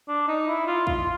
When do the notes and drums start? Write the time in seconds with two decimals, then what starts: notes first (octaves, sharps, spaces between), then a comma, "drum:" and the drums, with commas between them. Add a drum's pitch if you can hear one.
0.08 D4
0.28 D#4
0.47 E4
0.67 F4
0.87 F4, drum: kick